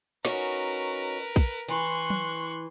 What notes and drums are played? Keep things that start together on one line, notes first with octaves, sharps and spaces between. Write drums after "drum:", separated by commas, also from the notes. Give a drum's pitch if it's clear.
C#4 D#4 F#4 A#4 B4, drum: snare
drum: kick, open hi-hat
E3 C6 C#6 F#6
drum: tom F#3